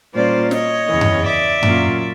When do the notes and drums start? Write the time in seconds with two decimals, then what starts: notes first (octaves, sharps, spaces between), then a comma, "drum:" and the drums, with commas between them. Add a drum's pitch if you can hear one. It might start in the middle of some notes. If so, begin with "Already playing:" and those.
0.14 A#2 G3 A#3 C#4 F4 C5 D5
0.51 C#5 D#5, drum: snare
0.88 E2 C#3 E3
1.01 drum: tom F#2
1.25 D5 E5
1.63 A#2 F#3 A#3 C#4 F4, drum: tom F#2